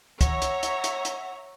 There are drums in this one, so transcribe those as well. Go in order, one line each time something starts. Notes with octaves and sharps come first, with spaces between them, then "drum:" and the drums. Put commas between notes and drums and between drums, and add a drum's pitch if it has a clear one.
C#5 E5 F#5 A#5, drum: kick, hi-hat
drum: hi-hat
drum: hi-hat
drum: hi-hat
drum: hi-hat